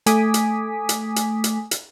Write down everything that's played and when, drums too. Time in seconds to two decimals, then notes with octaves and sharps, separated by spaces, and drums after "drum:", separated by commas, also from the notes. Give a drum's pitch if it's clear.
0.06 A3 G#5 D6 D#6 B6, drum: hi-hat
0.34 drum: hi-hat
0.89 drum: hi-hat
1.16 drum: hi-hat
1.44 drum: hi-hat
1.71 drum: hi-hat